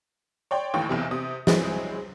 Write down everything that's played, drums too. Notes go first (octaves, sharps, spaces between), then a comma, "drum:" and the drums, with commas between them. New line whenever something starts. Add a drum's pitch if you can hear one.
C#5 D5 G5 C6
A1 D#2 A2 G5 C#6
B1 E2 C3
C3 D#6
F#3 G#3 C4 E4 G#4, drum: snare